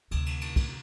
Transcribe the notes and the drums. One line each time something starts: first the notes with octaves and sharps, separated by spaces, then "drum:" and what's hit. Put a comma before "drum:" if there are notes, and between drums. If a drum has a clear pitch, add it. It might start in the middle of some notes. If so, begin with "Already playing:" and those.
D2 C3, drum: cymbal
drum: cymbal
drum: cymbal
drum: kick, cymbal